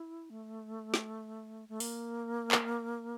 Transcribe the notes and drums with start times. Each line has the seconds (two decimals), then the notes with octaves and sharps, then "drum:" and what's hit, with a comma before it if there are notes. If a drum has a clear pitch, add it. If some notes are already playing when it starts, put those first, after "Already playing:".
Already playing: E4
0.30 A3
0.94 drum: snare
1.69 A3
1.80 A#3, drum: open hi-hat
2.51 drum: clap